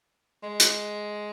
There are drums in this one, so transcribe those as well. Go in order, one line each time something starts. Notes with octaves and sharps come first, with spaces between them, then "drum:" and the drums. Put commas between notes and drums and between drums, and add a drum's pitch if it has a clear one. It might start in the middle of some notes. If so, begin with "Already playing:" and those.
G#3
drum: hi-hat